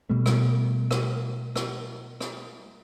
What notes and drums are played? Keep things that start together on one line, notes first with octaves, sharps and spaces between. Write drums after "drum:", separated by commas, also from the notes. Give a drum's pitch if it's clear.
B2 G3 A3
drum: rim click
drum: rim click
drum: rim click
drum: rim click